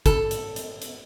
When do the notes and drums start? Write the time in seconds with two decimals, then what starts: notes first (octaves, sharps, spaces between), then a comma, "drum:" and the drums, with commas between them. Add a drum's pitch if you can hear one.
0.06 A4, drum: kick, hi-hat
0.31 drum: hi-hat
0.56 drum: hi-hat
0.82 drum: hi-hat